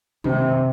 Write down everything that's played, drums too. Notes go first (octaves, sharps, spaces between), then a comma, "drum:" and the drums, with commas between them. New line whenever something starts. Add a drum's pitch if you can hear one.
C3 D#3, drum: tom
C4
C3